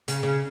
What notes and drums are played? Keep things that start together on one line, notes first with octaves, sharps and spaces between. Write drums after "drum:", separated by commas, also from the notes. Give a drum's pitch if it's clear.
C#3, drum: hi-hat
C#3